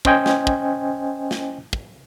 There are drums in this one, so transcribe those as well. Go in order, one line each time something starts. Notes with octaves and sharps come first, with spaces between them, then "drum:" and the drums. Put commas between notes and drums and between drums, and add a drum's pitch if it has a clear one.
C#4 C5 D#5 G5 G#5, drum: kick
drum: snare
drum: kick
drum: snare
drum: kick